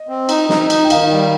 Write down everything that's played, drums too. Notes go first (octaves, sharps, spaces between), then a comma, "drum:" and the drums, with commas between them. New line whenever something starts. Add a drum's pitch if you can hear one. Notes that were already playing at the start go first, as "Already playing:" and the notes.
Already playing: D#5
C4
D#4, drum: cymbal
D#4, drum: snare
D#4, drum: cymbal
G5
D#3 F5, drum: cymbal
G3